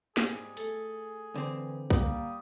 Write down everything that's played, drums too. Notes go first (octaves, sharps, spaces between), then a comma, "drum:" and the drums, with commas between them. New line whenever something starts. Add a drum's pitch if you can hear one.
G#2 G3 F4 G#4, drum: snare
A3 A4, drum: hi-hat
D3 E3 C4
G3 A#3 D#6, drum: kick C2